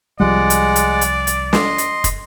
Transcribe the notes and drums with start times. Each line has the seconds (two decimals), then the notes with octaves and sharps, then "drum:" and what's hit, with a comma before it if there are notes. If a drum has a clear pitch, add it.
0.20 C2 F3 G3 G#3 D5 F#5
0.50 drum: hi-hat
0.76 drum: hi-hat
1.01 drum: hi-hat
1.27 drum: hi-hat
1.53 D#5 C6, drum: snare
1.78 drum: hi-hat
2.04 drum: kick, hi-hat